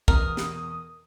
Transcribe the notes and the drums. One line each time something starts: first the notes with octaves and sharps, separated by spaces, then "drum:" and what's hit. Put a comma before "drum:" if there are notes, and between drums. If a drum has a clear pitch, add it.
E2 B2 A#4 D#6, drum: kick
drum: snare